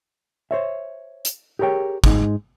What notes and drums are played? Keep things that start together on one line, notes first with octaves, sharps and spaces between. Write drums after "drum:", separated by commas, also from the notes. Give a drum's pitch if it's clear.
C5 C#5 E5
drum: hi-hat
G4 G#4 A#4 C#5 G5
G#2 G#3 D#4, drum: kick